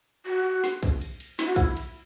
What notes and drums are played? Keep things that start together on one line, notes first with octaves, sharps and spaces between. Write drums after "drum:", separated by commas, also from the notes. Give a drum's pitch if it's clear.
F#4
drum: snare
drum: kick A#1, cymbal
drum: cymbal
drum: cymbal
E4, drum: snare
F#4
E4, drum: kick A#1, cymbal
drum: cymbal